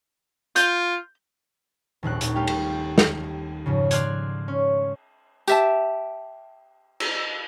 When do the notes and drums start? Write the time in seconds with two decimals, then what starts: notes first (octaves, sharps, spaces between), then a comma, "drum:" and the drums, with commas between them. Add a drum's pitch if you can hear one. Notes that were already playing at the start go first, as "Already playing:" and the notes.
0.56 F4 G6, drum: hi-hat
2.03 D#1 A#1 D#2 F#6
2.21 A#1, drum: hi-hat
2.35 G3 A3 G4 F5 G5
2.47 drum: cymbal
2.98 drum: snare
3.66 F2 G#2 C#3
3.91 D5 C6 F6 F#6 G#6, drum: hi-hat
4.48 C#4
5.48 G4 E5 A5, drum: tambourine
7.00 drum: cymbal